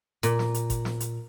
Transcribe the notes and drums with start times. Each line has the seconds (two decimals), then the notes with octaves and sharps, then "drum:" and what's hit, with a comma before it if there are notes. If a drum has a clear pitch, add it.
0.23 A#2, drum: hi-hat
0.39 drum: snare
0.54 drum: hi-hat
0.70 drum: kick G1, hi-hat
0.85 drum: snare
1.00 drum: hi-hat